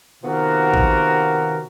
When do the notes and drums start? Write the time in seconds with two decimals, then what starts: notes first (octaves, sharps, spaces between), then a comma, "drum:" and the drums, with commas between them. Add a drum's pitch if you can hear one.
0.24 C3 D#3 B3 F4 F#4 A#4
0.74 drum: kick